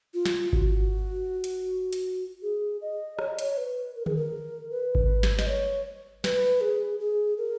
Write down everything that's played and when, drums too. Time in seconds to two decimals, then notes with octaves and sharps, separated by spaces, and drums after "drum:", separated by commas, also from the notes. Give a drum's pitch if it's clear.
0.14 F4
0.25 drum: snare
0.53 F#4, drum: kick G#1
1.44 drum: hi-hat
1.93 drum: hi-hat
2.42 G#4
2.82 D#5
3.19 C#5, drum: rim click
3.28 D#5
3.39 C#5, drum: hi-hat
3.57 B4
3.96 A#4
4.06 G#4, drum: tom D3
4.17 A#4
4.71 B4
4.95 drum: kick G#1
5.23 drum: snare
5.39 D#5, drum: snare
5.47 C#5
6.24 B4, drum: snare
6.61 G#4
7.00 G#4
7.38 A#4